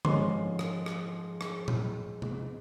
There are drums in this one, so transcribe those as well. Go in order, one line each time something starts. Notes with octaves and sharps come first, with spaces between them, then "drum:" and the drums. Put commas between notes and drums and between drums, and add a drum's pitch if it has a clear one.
G#2 F3 G#3 C#4 C6, drum: tom D3
drum: rim click
drum: rim click
drum: rim click
drum: tom A#2
drum: tom